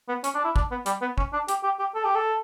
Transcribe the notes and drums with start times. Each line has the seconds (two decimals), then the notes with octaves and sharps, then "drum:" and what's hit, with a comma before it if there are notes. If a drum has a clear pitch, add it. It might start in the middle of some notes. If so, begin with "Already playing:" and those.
0.09 B3
0.24 C#4, drum: hi-hat
0.35 D4
0.45 E4
0.56 D4, drum: kick
0.71 B3
0.86 G3, drum: hi-hat
1.02 B3
1.18 C#4, drum: kick
1.33 D4
1.48 G4, drum: hi-hat
1.64 G4
1.79 G4
1.95 A4
2.05 G4
2.15 A4